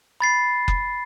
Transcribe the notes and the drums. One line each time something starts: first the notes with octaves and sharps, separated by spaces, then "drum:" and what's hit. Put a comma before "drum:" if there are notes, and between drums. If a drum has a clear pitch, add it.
B5 A6 C7
drum: kick F#1